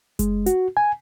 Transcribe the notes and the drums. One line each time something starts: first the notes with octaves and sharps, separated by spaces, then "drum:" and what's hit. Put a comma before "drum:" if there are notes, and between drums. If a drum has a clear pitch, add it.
G#3, drum: kick F#1, hi-hat
F#4, drum: hi-hat
G#5